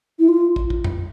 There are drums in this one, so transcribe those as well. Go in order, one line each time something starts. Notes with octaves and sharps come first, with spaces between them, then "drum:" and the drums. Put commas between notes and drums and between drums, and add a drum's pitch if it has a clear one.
E4
F4
drum: kick
drum: kick
drum: tom F2